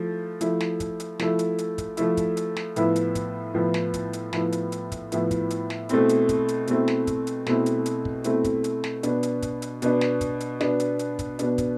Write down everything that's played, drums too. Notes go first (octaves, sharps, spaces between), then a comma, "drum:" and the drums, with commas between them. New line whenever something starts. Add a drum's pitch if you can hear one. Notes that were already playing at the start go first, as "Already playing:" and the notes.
Already playing: F3 A3 E4
F3 A3 E4, drum: hi-hat
drum: snare
drum: kick, hi-hat
drum: hi-hat
F3 A3 E4, drum: snare
drum: hi-hat
drum: hi-hat
drum: kick, hi-hat
F3 A3 E4, drum: hi-hat
drum: kick, hi-hat
drum: hi-hat
drum: snare
A2 F3 B3 E4, drum: hi-hat
drum: hi-hat
drum: kick, hi-hat
A2 F3 B3 E4
drum: snare
drum: kick, hi-hat
drum: hi-hat
A2 F3 B3 E4, drum: snare
drum: hi-hat
drum: hi-hat
drum: kick, hi-hat
A2 F3 B3 E4, drum: hi-hat
drum: kick, hi-hat
drum: hi-hat
drum: snare
B2 A3 C4 E4, drum: hi-hat
drum: hi-hat
drum: kick, hi-hat
drum: hi-hat
B2 A3 C4 E4, drum: hi-hat
drum: snare
drum: kick, hi-hat
drum: hi-hat
B2 A3 C4 E4, drum: snare
drum: hi-hat
drum: hi-hat
drum: kick
B2 A3 C4 E4, drum: hi-hat
drum: kick, hi-hat
drum: hi-hat
drum: snare
B2 B3 D4, drum: hi-hat
drum: hi-hat
drum: kick, hi-hat
drum: hi-hat
B2 B3 D4, drum: hi-hat
drum: snare
drum: kick, hi-hat
drum: hi-hat
B2 B3 D4, drum: snare
drum: hi-hat
drum: hi-hat
drum: kick, hi-hat
B2 B3 D4, drum: hi-hat
drum: kick, hi-hat